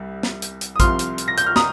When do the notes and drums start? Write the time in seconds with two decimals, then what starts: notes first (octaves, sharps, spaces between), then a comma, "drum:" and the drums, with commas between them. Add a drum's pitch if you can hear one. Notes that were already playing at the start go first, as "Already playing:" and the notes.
Already playing: C2 G3
0.23 drum: snare
0.42 drum: hi-hat
0.61 drum: hi-hat
0.76 D#6
0.80 C2 C3 F3 C6 F6, drum: kick, hi-hat
0.99 drum: hi-hat
1.18 drum: hi-hat
1.28 A#6
1.38 G6, drum: hi-hat
1.46 F6
1.56 A#5 D#6, drum: snare